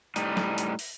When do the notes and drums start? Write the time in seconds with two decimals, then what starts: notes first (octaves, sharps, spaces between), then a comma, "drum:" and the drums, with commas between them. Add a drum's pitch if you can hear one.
0.16 A2 G3 D#4, drum: hi-hat
0.37 drum: snare
0.58 drum: hi-hat
0.79 drum: open hi-hat